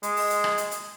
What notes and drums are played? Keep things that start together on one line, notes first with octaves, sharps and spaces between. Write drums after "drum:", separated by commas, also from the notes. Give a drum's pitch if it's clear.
G#3, drum: hi-hat
drum: open hi-hat
drum: hi-hat
drum: rim click
drum: hi-hat
drum: hi-hat